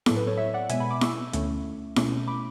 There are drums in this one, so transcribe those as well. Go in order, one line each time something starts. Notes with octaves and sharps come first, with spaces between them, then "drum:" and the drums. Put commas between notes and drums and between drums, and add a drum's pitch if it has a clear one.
A2 F#3 B3 A4, drum: snare E4
B4
A4 C#5
C#5 E5
D5 F#5
B2 G#3 B3 E5 G#5, drum: hi-hat
G#5 B5
B5 D6
C#6 E6, drum: snare E4
D2 D3 A3 C#4, drum: hi-hat
B2 A3 C#4, drum: snare E4
B5 D6